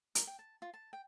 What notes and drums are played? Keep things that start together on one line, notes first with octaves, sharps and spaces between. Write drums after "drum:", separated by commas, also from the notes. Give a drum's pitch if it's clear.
A#4, drum: hi-hat
G5
A5
F4
A5
G5